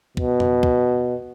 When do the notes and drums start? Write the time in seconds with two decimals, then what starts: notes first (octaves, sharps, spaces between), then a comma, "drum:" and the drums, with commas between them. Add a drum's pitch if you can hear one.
0.17 B2, drum: kick
0.40 drum: tom F2
0.63 drum: kick